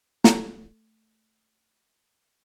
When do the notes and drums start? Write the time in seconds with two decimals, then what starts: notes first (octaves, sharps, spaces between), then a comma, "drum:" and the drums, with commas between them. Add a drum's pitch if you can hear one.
0.24 A3 A#5, drum: snare